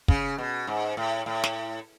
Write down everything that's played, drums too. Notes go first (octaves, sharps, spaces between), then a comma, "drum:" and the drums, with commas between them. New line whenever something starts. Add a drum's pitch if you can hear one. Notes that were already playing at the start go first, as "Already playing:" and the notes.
C#3, drum: kick
B2
G#2
A2
A2
drum: snare